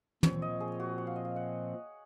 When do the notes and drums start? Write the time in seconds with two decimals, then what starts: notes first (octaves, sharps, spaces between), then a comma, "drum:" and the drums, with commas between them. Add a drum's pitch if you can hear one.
0.23 A#2 F3 C4 C#5, drum: tom
0.42 D#5
0.60 G#4
0.80 F#4
0.98 F#5
1.07 F5
1.16 D#5
1.25 F5
1.36 F#5